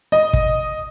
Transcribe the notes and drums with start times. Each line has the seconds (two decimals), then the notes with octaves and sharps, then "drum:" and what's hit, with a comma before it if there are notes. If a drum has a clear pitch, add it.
0.12 D#5
0.33 drum: kick